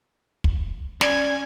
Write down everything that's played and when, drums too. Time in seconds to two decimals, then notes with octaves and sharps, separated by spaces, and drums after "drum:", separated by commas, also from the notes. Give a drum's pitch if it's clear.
0.44 drum: kick
1.01 C#4 D5 G#5, drum: snare